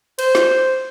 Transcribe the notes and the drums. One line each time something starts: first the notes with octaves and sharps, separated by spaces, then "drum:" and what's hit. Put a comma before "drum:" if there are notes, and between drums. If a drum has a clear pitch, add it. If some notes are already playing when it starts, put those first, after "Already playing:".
C5, drum: cymbal
drum: snare